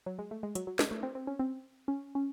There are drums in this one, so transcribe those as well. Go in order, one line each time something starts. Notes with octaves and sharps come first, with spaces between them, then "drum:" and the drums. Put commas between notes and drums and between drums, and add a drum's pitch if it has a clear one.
F#3
G#3
A3
G#3
F#3, drum: hi-hat
F#3
G#3, drum: snare
A3
C4
C4
C#4
C4
C#4
C#4